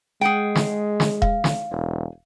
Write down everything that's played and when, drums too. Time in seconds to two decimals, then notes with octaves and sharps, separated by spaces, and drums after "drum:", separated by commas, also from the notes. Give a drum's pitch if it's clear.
0.21 G#3 G#4 F#5 G5
0.55 drum: snare
1.00 drum: snare
1.22 F5, drum: kick E1
1.44 drum: snare
1.71 E1